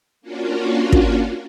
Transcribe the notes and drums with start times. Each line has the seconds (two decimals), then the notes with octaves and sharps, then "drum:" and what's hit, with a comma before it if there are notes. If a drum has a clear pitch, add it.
0.22 A#3 C#4 D4 F4 F#4
0.92 drum: kick